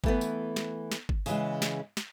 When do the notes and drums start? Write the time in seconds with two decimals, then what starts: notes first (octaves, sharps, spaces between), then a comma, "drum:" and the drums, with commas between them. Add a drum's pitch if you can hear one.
0.04 E3 A3 B3, drum: kick G1
0.21 drum: tambourine
0.56 drum: snare
0.91 drum: snare
1.09 drum: kick G1
1.26 C#3 E3 G#3, drum: tambourine
1.62 drum: snare
1.97 drum: snare